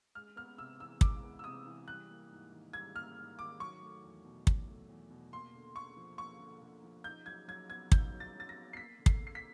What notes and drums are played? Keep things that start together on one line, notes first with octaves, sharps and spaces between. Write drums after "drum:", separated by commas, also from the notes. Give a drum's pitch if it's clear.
G#3 F6
B3 F6
C3 E6
E3 E6
G#3 D6, drum: kick
B3
E6
C3 D#6
E3
G3 F#6
A#3
G#2
D#3
G3 G#6
A#3 F6
G#2
D#3 D6
F#3 C#6
A3
E2
B2
F#3, drum: kick
A3
E2
B2
A#3 C6
D3
D3 C#6
F3
A#3 C#6
D3
D3
F3
D#4 G6
F#3 G#6
F#3 G#6
B3 G#6
D#4 G6, drum: kick
F#3
A6
F#3 A6
A#6
B3
C7
A#3 B6
D3
C7, drum: kick
D3
C7
B6